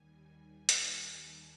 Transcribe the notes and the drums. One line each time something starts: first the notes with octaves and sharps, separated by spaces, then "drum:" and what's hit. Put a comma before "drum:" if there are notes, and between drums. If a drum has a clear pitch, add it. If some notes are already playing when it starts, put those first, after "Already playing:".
Already playing: D#2 D#3 G3 G#5
G#5
A5, drum: hi-hat